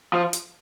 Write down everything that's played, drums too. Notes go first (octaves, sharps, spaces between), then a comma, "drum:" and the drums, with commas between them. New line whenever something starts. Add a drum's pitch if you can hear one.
F3
drum: hi-hat